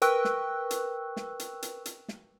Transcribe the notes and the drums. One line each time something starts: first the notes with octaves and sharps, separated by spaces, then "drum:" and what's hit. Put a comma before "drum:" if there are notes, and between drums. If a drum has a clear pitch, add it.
A#4 B4 G5 C#6 E6 F#6, drum: hi-hat
drum: snare
drum: hi-hat
drum: snare
drum: hi-hat
drum: hi-hat
drum: hi-hat
drum: snare